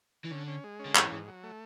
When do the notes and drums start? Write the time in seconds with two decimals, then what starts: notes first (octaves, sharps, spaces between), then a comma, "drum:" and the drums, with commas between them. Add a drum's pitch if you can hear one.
0.24 E3
0.31 D3 C#4
0.47 C#4
0.64 G#3
0.79 C#4
0.86 D3
0.95 G#2 E3, drum: clap
1.12 G#2
1.28 F#3
1.43 A3